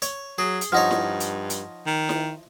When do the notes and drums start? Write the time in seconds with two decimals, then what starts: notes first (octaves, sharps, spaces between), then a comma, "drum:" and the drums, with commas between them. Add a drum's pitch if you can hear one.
0.02 C#5, drum: hi-hat
0.38 F#3 G#4
0.61 drum: hi-hat
0.72 G2 F3 D#4 C#5 F#5 F6
0.91 drum: snare E4
1.20 drum: hi-hat
1.50 drum: hi-hat
1.86 D#3
2.09 drum: snare E4